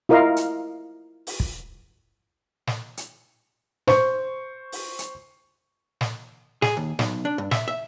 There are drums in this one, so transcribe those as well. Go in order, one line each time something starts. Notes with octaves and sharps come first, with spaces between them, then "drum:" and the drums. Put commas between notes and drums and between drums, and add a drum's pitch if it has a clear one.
E4 F4 A#4 D#5 F5
drum: hi-hat
drum: open hi-hat
drum: kick
drum: snare
drum: hi-hat
C5 C#6, drum: snare
drum: open hi-hat
drum: hi-hat
drum: snare
G#4, drum: snare
D#2
B1, drum: snare
D4
G2
E5, drum: snare
E5